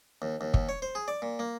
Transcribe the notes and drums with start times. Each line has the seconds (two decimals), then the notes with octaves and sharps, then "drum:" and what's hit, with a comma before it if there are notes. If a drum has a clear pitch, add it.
0.22 D#2
0.41 D#2
0.54 D#2, drum: kick
0.69 C#5
0.82 C5
0.95 G#4
1.08 D5
1.22 A#2
1.39 A#3